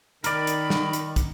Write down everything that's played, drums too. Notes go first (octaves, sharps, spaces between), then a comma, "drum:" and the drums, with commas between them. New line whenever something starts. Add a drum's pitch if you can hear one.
D#3 A#4 D5 B5, drum: hi-hat
drum: hi-hat
drum: snare
drum: hi-hat
drum: kick, hi-hat